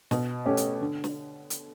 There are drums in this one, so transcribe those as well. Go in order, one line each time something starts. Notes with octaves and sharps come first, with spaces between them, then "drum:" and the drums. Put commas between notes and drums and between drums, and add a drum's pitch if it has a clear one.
B2, drum: snare
A3 C#4 G4 C#5
drum: hi-hat
D3
drum: snare
drum: hi-hat